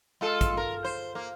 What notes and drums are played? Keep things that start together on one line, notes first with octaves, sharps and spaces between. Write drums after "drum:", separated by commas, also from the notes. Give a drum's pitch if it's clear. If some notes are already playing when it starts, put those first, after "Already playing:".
G#3 F4 A4
drum: kick A1, hi-hat
A#4
C5
A#3